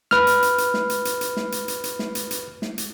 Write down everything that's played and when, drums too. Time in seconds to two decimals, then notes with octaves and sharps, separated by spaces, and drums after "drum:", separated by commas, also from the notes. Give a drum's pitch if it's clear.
0.11 B4 F6, drum: snare
0.27 drum: hi-hat
0.43 drum: hi-hat
0.58 drum: hi-hat
0.74 drum: snare
0.90 drum: hi-hat
1.05 drum: hi-hat
1.21 drum: hi-hat
1.37 drum: snare
1.52 drum: hi-hat
1.68 drum: hi-hat
1.84 drum: hi-hat
1.99 drum: snare
2.15 drum: hi-hat
2.31 drum: hi-hat
2.62 drum: snare
2.78 drum: hi-hat